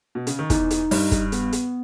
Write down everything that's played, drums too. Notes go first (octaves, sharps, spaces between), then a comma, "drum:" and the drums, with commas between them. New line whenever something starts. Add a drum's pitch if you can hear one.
B2
C#3, drum: hi-hat
D#3
E2 E3 D#4, drum: kick, hi-hat
drum: hi-hat
G2 G3, drum: open hi-hat
drum: kick, hi-hat
B3, drum: hi-hat
drum: hi-hat